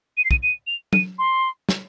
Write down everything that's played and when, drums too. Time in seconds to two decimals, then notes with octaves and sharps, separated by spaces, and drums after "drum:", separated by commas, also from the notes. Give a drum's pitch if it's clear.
0.17 D#7
0.24 C7
0.31 D#7, drum: kick
0.43 D#7
0.67 F7
0.93 D#7, drum: tom F#3
1.18 C6
1.69 drum: snare